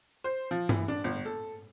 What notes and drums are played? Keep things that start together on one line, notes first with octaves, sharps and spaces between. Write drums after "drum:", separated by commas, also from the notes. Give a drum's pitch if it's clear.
C5
F3
E3, drum: tom G2
D4
G1
A4